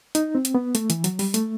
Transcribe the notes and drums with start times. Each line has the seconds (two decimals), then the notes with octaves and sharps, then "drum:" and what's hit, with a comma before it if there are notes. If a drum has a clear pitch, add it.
0.15 D#4, drum: hi-hat
0.35 C4
0.45 drum: hi-hat
0.55 B3
0.75 A3, drum: hi-hat
0.90 E3, drum: hi-hat
1.04 F#3, drum: hi-hat
1.19 G3, drum: open hi-hat
1.34 A3, drum: hi-hat